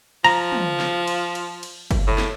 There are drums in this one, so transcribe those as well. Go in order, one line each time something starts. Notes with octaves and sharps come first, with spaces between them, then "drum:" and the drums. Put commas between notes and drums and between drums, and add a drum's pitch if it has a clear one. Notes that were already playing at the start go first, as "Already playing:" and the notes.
F3 A#5, drum: cymbal
drum: tom
drum: snare
drum: cymbal
drum: cymbal
drum: cymbal
drum: kick F#1, cymbal
A2
drum: snare